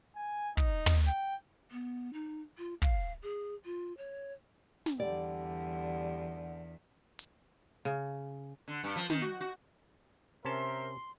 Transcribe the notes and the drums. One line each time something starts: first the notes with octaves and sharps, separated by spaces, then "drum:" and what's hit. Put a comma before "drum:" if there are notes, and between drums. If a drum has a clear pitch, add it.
G#5
D#4, drum: kick
drum: tom
G5
B3
D#4
F4
F5, drum: kick
G#4
F4
C#5
drum: snare
E2 D3 G3 D5
drum: hi-hat
C#3
D3
G2
F3
D#3, drum: snare
F#4
F#4
C3 C#4 A#4 C5 E5 A5 C6